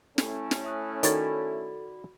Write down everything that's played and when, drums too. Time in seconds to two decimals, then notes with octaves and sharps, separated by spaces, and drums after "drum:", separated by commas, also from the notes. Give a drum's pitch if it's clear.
0.18 A3 C#4 E4, drum: snare
0.51 drum: snare
0.64 E5 D#6 F#6
1.03 D#3 F#4 A4 C#5 D5 B5 A6, drum: hi-hat